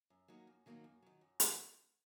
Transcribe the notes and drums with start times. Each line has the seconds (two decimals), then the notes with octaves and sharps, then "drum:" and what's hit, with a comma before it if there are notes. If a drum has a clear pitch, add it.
0.10 F#2
0.28 D#3 F#3 A#3 D#4
0.47 F#2
0.66 D#3 F#3 A#3 D#4
0.84 F#2
1.02 D#3 F#3
1.21 F#2
1.40 D#3 F#3, drum: hi-hat